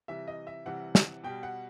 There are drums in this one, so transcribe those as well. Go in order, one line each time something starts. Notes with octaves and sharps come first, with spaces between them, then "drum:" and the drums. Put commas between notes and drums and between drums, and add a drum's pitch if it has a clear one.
C3 E3 G3 E5
D#5
E5
C3 E3 G3 F#5
drum: snare
B2 G3 G5
F#5